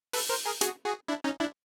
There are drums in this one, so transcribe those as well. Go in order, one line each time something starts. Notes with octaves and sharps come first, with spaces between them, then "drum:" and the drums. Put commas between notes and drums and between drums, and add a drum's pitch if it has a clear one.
A4 B4, drum: open hi-hat
A#4 C5
G#4 A#4
F#4 G#4, drum: hi-hat
F#4 G#4
D4 E4
C#4 D#4
D4 E4